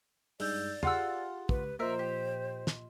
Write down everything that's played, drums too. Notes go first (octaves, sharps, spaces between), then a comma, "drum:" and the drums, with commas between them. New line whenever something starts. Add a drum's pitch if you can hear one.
G2 G#3 D#4 D5 E6 G6, drum: open hi-hat
F4 G4 G#4 F#5 E6, drum: tom
C#2 B4, drum: kick
A#2 F3 A#4 C5 D#5 E5 C6
G4
drum: snare